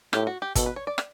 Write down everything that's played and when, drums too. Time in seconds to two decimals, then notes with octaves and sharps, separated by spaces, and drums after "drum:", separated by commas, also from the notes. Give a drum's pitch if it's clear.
0.13 A2 G4, drum: rim click
0.27 F#4
0.42 G4
0.55 B2 A4, drum: kick, hi-hat
0.66 B4
0.76 C#5
0.87 D5
0.98 drum: rim click